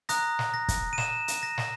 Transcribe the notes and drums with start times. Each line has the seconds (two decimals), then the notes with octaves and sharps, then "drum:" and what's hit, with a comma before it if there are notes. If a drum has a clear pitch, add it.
0.09 A#5 D#6 F#6 A#6, drum: hi-hat
0.39 drum: snare
0.54 A#6
0.68 drum: kick, hi-hat
0.93 D#7
0.98 E7, drum: snare
1.28 drum: hi-hat
1.43 A#6
1.58 drum: snare